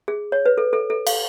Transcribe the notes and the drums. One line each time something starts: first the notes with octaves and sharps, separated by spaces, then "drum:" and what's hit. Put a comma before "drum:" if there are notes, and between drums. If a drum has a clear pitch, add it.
G#4
C#5
B4
A4
A4
A4
F5, drum: cymbal